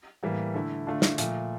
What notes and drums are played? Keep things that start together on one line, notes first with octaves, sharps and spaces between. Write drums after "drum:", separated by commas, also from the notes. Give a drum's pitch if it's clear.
A2 E3 G3 A#3
D3 A3 E4
D3 A3 D4 F4
drum: snare
A#2 F3 A3, drum: hi-hat